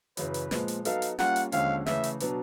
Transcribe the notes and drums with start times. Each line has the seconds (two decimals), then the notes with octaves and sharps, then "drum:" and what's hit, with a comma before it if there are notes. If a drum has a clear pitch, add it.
0.17 F#2 C#3 E3 B4, drum: hi-hat
0.34 drum: hi-hat
0.51 A#2 F3 G#3 B3, drum: snare
0.68 drum: hi-hat
0.85 F#3 B3 D#4 F#4 A4 F5, drum: hi-hat
1.02 drum: hi-hat
1.19 G3 A#3 C#4 F4 F#5, drum: snare
1.36 drum: hi-hat
1.52 D#2 D3 F3 G#3 C#4 F5, drum: hi-hat
1.86 C#3 E3 A3 E5, drum: snare
2.04 drum: hi-hat
2.20 B2 F#3 B3 D4, drum: hi-hat